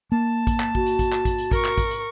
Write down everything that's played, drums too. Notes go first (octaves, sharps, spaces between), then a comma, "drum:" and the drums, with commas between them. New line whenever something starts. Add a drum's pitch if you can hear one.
A#3 A5
drum: kick, hi-hat
drum: clap
F#4, drum: kick
drum: hi-hat
drum: kick, hi-hat
drum: clap
drum: kick, hi-hat
drum: hi-hat
A#4 C#6, drum: kick, hi-hat
drum: clap
drum: kick, hi-hat
drum: hi-hat